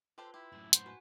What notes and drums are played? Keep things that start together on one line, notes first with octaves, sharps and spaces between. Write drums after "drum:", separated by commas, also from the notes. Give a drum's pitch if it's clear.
F4 G4 A4 B4 C5 C6
E4 G4
F#2 A2 B5
E3 F#4 C5 F#5, drum: hi-hat
F#4 B4 F#5 G#5